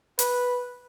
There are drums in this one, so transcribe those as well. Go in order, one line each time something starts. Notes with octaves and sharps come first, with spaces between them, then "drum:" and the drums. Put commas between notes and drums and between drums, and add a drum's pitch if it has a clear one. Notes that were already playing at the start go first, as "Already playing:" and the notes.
B4, drum: hi-hat